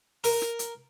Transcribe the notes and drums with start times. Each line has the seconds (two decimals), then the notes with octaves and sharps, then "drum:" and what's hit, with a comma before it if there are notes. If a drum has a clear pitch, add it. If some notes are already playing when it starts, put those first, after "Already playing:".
0.24 A#4, drum: open hi-hat
0.42 drum: snare
0.59 drum: hi-hat